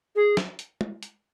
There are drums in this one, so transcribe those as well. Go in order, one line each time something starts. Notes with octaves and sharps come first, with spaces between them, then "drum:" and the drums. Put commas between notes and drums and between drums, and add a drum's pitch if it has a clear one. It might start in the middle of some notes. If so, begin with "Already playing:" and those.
G#4
drum: snare
drum: hi-hat
drum: tom
drum: hi-hat